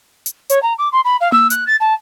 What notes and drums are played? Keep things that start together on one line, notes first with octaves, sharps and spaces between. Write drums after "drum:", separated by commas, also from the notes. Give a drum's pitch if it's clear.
drum: hi-hat
C#5, drum: hi-hat
A#5
D6
C6
B5
F5
E6, drum: tom A#3
F#6, drum: hi-hat
A6
A5